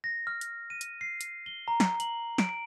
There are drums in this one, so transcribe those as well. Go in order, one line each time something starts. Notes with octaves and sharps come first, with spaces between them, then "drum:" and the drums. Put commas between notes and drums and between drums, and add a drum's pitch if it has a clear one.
A#6
F6
drum: hi-hat
D#7
drum: hi-hat
C7
drum: hi-hat
G7
A#5
drum: snare
F#7, drum: hi-hat
D7, drum: snare